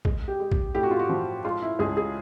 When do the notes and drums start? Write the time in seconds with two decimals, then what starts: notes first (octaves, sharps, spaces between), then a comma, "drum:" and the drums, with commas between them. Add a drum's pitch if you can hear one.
0.05 G#3, drum: kick A#1
0.28 G4
0.40 G#3
0.52 drum: kick A#1
0.75 A2 G4
0.83 F#4
0.91 F4
0.99 F#4
1.09 F3
1.45 G#3 F4
1.62 E4
1.79 C#2 G#4
1.97 G#4